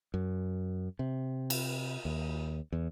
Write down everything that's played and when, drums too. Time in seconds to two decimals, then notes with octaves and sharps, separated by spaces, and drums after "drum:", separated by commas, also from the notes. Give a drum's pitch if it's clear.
0.14 F#2
0.99 C3
1.50 drum: cymbal
2.05 D#2
2.72 E2